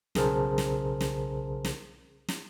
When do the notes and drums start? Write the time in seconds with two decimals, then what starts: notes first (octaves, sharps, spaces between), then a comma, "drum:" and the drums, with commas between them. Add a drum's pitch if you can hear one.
0.15 B1 C#3 G#4 A#4 C5 A5, drum: snare
0.58 drum: snare
1.01 drum: snare
1.64 drum: snare
2.28 drum: snare